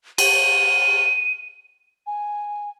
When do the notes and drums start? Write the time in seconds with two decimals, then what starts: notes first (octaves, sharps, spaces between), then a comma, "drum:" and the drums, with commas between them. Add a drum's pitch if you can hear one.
0.18 D#7, drum: cymbal
2.07 G#5